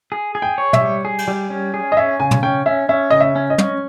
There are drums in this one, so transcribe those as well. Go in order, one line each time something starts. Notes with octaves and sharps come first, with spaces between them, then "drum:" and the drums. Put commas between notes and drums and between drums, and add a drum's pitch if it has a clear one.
G#4
G#4
G5
C#5
E5, drum: tom
G3
G#4
drum: cymbal
G3
C#4
G#4
D#5
C#4 E5
C#3 G#5
drum: tom
C#4 G5
C#4 E5
C#4 E5
C#3 D#5
E5
C#4
D#5
C#4, drum: tom